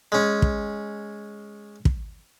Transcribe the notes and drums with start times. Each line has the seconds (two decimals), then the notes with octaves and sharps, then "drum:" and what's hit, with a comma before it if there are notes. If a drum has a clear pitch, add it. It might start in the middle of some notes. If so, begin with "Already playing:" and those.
0.12 G#3 C#4
0.42 drum: kick
1.85 drum: kick